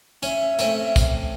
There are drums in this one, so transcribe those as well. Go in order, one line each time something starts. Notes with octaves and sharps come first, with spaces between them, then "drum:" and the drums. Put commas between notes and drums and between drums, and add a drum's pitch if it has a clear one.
C#4 E5, drum: tambourine
A3 C4 C#4, drum: tambourine
drum: kick, tambourine